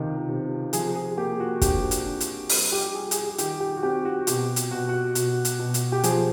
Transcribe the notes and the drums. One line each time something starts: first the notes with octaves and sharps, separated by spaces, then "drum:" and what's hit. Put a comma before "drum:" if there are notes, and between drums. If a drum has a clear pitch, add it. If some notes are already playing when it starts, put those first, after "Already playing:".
Already playing: C#2 C3 D#3
C3
F3 G#4, drum: hi-hat
G#4
A#3 G4
F#4
D4 G4, drum: kick, hi-hat
drum: hi-hat
D4
drum: hi-hat
G3, drum: open hi-hat
G4
G3 G#4
G#4, drum: hi-hat
G4
G#4
D#3 G4, drum: hi-hat
G4
F#4
C4 G4
F#4
B2 G4, drum: hi-hat
drum: hi-hat
B2 F#4
F#4
B2, drum: hi-hat
drum: hi-hat
B2
drum: hi-hat
G4
F3 G#4, drum: hi-hat